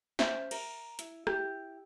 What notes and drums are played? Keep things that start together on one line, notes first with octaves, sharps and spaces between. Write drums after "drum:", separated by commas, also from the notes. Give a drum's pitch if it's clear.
C#4 C5 E5, drum: snare
A#4, drum: cymbal
E4, drum: hi-hat
E4 G4, drum: rim click